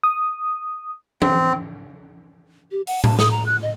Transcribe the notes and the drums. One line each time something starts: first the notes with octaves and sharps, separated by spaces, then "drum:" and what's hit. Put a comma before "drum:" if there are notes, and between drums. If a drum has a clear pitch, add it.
D#6
C4, drum: tom E3
G4
F#5, drum: open hi-hat
A5, drum: tom A2
D#6, drum: snare
A#5
F#6
D#5